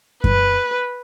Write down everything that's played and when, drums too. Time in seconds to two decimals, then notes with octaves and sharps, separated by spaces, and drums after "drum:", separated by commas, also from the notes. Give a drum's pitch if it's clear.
0.24 B4, drum: kick F#2